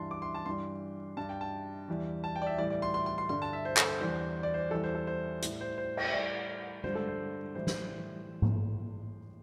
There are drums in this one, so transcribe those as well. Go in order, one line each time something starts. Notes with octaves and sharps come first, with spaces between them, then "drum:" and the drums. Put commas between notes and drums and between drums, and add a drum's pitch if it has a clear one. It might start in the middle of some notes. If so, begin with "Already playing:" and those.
Already playing: G2 E3 G3 A5 C6
D6
C6
A5
G2 E3 G3 C6
G2 G3 A5
G5
A5
E2 E3 G3
A5
G5
D5
E5
A2 E3 G3 D5
D5
C6
C6
C6
C6
G2 D3 G3 C6
A5
E5
C5
A4, drum: clap
C5
E2 E3 G3 C5
D5
C5
E2 E3 G3 A4
C5
A4
C5
A2 G3, drum: hi-hat
C5
C5
G5, drum: cymbal
E5
A2 G3 D5
G2 D3 G3 C5, drum: tom G#3
A4
C5
A2 E3 G3 C5
C5, drum: snare
drum: tom G#2